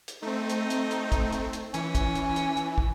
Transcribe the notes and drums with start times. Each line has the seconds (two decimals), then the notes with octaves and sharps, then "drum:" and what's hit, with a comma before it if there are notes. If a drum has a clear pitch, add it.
0.08 drum: hi-hat
0.22 A3 C4 D#4
0.49 drum: hi-hat
0.70 drum: hi-hat
0.91 drum: hi-hat
1.12 drum: kick, hi-hat
1.32 drum: hi-hat
1.53 drum: hi-hat
1.74 E3 C#4, drum: hi-hat
1.95 drum: kick, hi-hat
2.15 drum: hi-hat
2.36 drum: hi-hat
2.57 drum: hi-hat
2.78 drum: kick